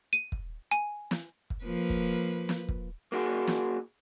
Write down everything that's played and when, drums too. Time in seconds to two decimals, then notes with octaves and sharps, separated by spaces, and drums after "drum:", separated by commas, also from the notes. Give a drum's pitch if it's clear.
0.13 D#7
0.32 drum: kick
0.71 G#5
1.11 drum: snare
1.50 drum: kick
1.64 F3 A#3 B4
1.90 drum: kick
2.49 drum: snare
2.69 drum: kick
3.12 A#3 F#4 G#4
3.47 drum: snare